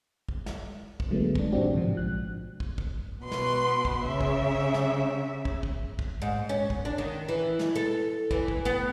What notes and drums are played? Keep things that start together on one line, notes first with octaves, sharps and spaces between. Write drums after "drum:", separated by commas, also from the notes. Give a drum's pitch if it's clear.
drum: kick
drum: snare
drum: kick
D3 F#3 G#3 A3 B3
F2 D4, drum: kick
A2 D#3 C4 D4 F#4 G4
G#2 C3 F3
A#1 F#6
drum: kick
drum: kick
B2 B4 C6
drum: snare
drum: kick
C#3 E5
drum: kick
drum: snare
drum: kick
drum: kick
drum: kick
G#2
C#4
drum: kick
D4
D#3
E3
drum: snare
A4
E3, drum: kick
drum: kick
B3